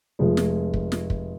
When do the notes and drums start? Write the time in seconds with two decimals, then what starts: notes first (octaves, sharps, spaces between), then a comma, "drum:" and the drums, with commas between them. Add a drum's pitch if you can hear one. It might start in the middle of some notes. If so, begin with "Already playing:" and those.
0.19 F1 F3 G#3
0.37 drum: snare
0.74 drum: kick
0.92 drum: snare
1.10 drum: kick